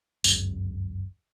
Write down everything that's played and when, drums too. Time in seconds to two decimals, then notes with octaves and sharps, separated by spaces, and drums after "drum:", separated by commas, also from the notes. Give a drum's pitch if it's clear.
0.24 G1 C#2 F#2 C#3, drum: tambourine